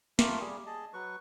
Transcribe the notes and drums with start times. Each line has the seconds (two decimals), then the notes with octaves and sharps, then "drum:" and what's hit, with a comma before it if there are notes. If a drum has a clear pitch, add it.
0.19 A3 F4 G4 A#4, drum: snare
0.40 G3 G4 G#4
0.66 G#4 D#5 A5
0.94 F#3 B4 C#6